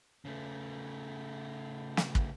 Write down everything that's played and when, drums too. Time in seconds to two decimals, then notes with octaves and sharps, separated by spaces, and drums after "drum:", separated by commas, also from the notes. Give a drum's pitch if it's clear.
0.25 C#3 A3
1.97 drum: snare
2.15 drum: kick